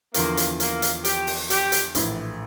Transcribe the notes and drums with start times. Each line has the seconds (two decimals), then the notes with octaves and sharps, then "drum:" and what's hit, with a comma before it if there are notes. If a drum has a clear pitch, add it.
0.14 E2 D3 F3 A#3, drum: hi-hat
0.37 drum: hi-hat
0.60 A#3, drum: hi-hat
0.82 drum: hi-hat
1.05 G4, drum: hi-hat
1.27 drum: open hi-hat
1.50 G4, drum: hi-hat
1.72 drum: hi-hat
1.95 A#1 A2 E3, drum: hi-hat